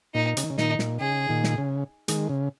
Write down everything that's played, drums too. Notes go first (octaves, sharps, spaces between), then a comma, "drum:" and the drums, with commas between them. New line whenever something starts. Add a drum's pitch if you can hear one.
A#2 D#4
C#3, drum: hi-hat
D#3
C#3
A#2 D#3 D#4, drum: snare
A#2, drum: snare
C#3 G#4
A#2 D#3
drum: snare
C#3
D#3 G#3, drum: hi-hat
C#3